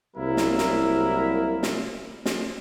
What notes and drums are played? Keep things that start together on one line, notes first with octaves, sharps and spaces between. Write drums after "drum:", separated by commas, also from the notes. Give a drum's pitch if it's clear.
C2 F#3 A#3 E4 A#4
drum: snare
drum: snare
drum: snare
drum: snare